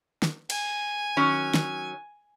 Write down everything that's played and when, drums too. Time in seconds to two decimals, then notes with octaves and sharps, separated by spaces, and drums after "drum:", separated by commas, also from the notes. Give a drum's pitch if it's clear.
0.22 drum: snare
0.50 G#5, drum: cymbal
1.17 D#3 F#3 C#4
1.54 drum: snare